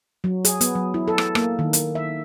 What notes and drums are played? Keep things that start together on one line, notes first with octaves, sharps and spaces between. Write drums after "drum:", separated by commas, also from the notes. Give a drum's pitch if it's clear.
F#3
G#4, drum: hi-hat
B3, drum: hi-hat
F#3
E4
A4
drum: rim click
A#3, drum: rim click
D#3
drum: hi-hat
E5